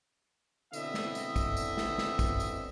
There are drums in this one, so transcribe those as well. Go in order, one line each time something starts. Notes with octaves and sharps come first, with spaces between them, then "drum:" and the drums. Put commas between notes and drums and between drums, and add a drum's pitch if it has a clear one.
B2 D3 C4 E4 D#5 E5, drum: tambourine
drum: snare
drum: tambourine
drum: kick, tambourine
drum: tambourine
drum: snare
drum: snare
drum: kick, tambourine
drum: tambourine